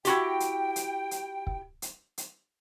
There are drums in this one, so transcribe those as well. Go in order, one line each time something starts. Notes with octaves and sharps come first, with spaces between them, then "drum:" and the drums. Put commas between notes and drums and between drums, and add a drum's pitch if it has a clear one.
E4 F#4 G4 G5, drum: hi-hat
drum: hi-hat
drum: hi-hat
drum: hi-hat
drum: kick
drum: hi-hat
drum: hi-hat